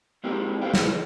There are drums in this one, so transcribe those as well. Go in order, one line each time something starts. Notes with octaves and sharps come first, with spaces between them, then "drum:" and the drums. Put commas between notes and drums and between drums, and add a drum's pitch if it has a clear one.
G#3 C4 E4 G4 G#4 A#4
G4 A4 B4 C5 F5 G5
E4 F4 B4, drum: snare
C#3 E3